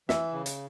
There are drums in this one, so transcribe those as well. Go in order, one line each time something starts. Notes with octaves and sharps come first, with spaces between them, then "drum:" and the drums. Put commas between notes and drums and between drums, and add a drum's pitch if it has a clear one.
E3 E5, drum: snare
C#3
drum: hi-hat